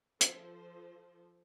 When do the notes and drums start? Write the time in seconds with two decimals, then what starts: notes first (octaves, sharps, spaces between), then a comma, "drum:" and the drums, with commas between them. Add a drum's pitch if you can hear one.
0.21 F3 A4 C5, drum: hi-hat